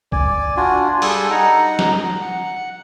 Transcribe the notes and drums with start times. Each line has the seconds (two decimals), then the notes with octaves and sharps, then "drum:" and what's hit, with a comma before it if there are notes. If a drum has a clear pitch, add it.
0.12 D5 G#5, drum: kick
0.57 D4 F4 F#4 G#5
1.02 G3 G#4 A4 G#5, drum: open hi-hat
1.30 D#4 F#5 A#5
1.79 drum: snare
2.21 F#5